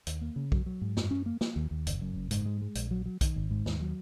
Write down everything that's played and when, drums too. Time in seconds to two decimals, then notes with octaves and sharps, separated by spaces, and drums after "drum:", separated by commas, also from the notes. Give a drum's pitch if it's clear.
0.07 D#2, drum: hi-hat
0.21 A#3
0.36 C#3
0.52 F#3, drum: kick B1
0.66 F#3
0.81 G#2
0.97 F#2, drum: snare
1.11 C#4
1.26 A#3
1.41 A#3, drum: snare
1.56 D#2
1.71 D#2
1.87 F#1, drum: hi-hat
2.01 F#2
2.16 F#1
2.31 G#2, drum: hi-hat
2.46 G#3
2.61 G#3
2.75 A#1, drum: hi-hat
2.91 F#3
3.06 F#3
3.21 D#3, drum: kick B1, hi-hat
3.36 G#1
3.51 G#2
3.66 D#2, drum: snare
3.81 F#3